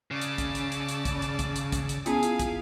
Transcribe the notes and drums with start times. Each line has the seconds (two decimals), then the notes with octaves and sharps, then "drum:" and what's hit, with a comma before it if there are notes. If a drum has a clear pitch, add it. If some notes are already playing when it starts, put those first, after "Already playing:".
0.11 C#3 D5 A5 E6
0.22 drum: hi-hat
0.38 drum: kick, hi-hat
0.55 drum: hi-hat
0.72 drum: hi-hat
0.89 drum: hi-hat
1.05 drum: kick, hi-hat
1.22 drum: hi-hat
1.39 drum: kick, hi-hat
1.56 drum: hi-hat
1.72 drum: kick, hi-hat
1.89 drum: hi-hat
2.06 B3 C#4 E4 F4 G#4 F5 G#5, drum: hi-hat
2.23 drum: hi-hat
2.39 drum: kick, hi-hat